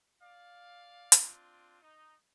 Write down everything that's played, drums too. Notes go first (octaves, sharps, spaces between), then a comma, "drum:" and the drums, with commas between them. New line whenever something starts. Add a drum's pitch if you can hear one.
D5 F5
drum: hi-hat
C4 D4 F4
D#4